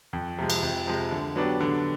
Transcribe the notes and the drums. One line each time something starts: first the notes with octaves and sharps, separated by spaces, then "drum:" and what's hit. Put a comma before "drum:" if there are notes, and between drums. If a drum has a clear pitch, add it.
F2
C3 F3 G#3
drum: cymbal
F2
C3 F3 G#3
D3
F#3 B3 D4 G4
D3